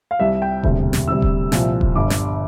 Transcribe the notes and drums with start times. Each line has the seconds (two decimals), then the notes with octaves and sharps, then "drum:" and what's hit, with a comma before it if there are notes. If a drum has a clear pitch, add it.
0.11 F5
0.19 C2 C3 G3 E5
0.42 G5
0.63 E1 D2 C3 G3, drum: kick D#1
0.93 drum: snare
1.08 D2 C3 G3 E6
1.22 drum: kick D#1
1.52 C2 A#2 F3, drum: snare
1.81 drum: kick D#1
1.96 G1 G2 D3 D6
2.10 drum: snare